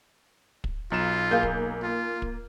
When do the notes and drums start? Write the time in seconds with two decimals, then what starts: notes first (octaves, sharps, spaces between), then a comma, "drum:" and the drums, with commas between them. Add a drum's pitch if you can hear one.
0.64 drum: kick
0.92 B1 F4 A#5 E7
1.31 A#3 D#4 G#4 F5 G6
1.43 drum: kick
1.82 F4
2.22 drum: kick